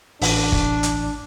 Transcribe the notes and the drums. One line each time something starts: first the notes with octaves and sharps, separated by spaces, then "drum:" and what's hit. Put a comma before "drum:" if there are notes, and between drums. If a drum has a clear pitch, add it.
A1 D4, drum: open hi-hat
drum: kick
drum: hi-hat